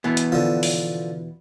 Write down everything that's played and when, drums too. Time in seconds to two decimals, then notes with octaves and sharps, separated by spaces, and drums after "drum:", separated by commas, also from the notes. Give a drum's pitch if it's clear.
0.04 B2 E3 B3
0.17 drum: hi-hat
0.32 D3 F3
0.63 drum: open hi-hat